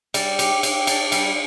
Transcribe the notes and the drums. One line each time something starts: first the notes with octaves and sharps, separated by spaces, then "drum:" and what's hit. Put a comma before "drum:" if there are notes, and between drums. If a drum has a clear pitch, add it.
G3, drum: cymbal
G4, drum: cymbal
G4, drum: cymbal
D4, drum: cymbal
G3, drum: cymbal